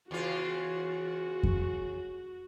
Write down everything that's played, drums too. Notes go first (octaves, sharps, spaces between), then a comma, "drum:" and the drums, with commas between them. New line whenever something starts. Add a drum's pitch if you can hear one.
E2 C#3 F4 F#4
drum: kick F2